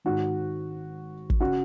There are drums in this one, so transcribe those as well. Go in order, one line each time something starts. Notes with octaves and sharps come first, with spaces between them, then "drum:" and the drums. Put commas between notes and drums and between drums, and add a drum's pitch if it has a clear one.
G#1 G#2 D#3 F#4
drum: kick
C#3 F#4